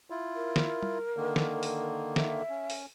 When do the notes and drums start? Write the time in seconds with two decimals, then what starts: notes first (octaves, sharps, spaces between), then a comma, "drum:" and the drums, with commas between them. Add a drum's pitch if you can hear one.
0.10 E4 F4
0.36 A#4
0.56 drum: snare
0.83 drum: tom G3
1.17 D3 D#3 A#3
1.36 drum: snare
1.63 drum: open hi-hat
2.16 E5, drum: snare
2.49 C#4
2.70 drum: open hi-hat